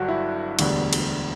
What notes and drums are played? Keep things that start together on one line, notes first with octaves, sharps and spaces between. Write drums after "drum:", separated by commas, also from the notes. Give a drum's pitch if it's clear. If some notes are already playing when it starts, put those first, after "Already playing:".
Already playing: G1 G2 F#3 D4 F#4
E4
E1 D2 D3 G3 B3, drum: cymbal
drum: cymbal